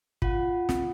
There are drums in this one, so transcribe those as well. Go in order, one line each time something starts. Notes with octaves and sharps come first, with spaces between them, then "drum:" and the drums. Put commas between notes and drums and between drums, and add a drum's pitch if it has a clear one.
F4 F#5, drum: kick
drum: snare